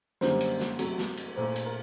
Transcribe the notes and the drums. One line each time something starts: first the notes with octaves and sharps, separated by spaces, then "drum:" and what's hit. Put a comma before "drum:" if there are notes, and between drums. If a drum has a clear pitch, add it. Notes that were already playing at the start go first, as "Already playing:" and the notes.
F#2 D3 G3 A#3 C5, drum: snare
drum: cymbal
drum: snare
C3 F#3 A3, drum: cymbal
drum: snare
drum: cymbal
A#2 A3 C5
drum: cymbal
A#4